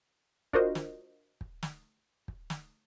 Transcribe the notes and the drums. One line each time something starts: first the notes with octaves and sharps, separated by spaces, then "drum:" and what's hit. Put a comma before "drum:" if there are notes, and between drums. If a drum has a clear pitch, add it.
D4 F4 F#4 A#4 C5 D#5, drum: kick
drum: snare
drum: kick
drum: snare
drum: kick
drum: snare